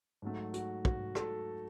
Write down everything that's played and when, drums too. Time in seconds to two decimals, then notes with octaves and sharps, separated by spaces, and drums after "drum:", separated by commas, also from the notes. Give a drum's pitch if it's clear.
0.22 G#2 F#3 A3
0.54 F#4, drum: hi-hat
0.85 F#4, drum: kick
1.15 A4, drum: rim click